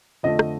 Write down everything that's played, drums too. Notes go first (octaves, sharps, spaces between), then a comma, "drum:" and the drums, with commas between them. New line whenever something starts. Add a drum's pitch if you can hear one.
F2 D3 F3 A3 D#5
drum: rim click